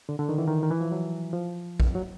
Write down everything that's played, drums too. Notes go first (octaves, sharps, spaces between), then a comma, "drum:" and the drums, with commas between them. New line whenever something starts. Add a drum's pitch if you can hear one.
D3
D3
D#3
E3
D#3
D#3
E3
F3
F#3
F3
drum: kick A#1
F#3